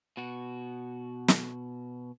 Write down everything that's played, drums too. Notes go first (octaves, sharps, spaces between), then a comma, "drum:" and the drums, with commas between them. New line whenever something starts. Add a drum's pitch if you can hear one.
B2 F#4
drum: snare